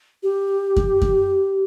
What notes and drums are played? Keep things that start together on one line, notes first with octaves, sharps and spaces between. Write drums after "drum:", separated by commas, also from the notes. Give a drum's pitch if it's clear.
G4
drum: kick F#2
drum: kick F#2